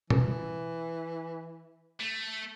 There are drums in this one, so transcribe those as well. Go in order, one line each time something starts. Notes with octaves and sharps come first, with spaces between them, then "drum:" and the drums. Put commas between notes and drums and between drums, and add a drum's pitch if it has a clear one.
E3, drum: tom B2
A3